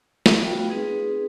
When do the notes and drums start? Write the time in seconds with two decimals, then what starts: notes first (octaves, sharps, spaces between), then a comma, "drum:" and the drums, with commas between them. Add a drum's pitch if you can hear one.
0.26 drum: snare
0.39 A3 B3 F4 F#4 F5 G5
0.69 C4 D#4 G#4 B4